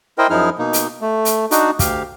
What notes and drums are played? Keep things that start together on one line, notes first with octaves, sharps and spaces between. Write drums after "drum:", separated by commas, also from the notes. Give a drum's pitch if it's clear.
E4 A#4 C5 D#5 G5
F#2 F3 D#4 E4 G#4 F6
B2 A#3 D#4
drum: hi-hat
A3
drum: hi-hat
D4 D#4 F#4, drum: hi-hat
D2 G4 F5, drum: kick, hi-hat